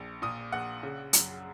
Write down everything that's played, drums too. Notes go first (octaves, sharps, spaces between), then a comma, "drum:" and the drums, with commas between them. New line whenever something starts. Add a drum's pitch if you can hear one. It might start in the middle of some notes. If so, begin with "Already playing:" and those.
Already playing: A#1
A#2 D#6
A#1 F#5
C#3
F#2, drum: hi-hat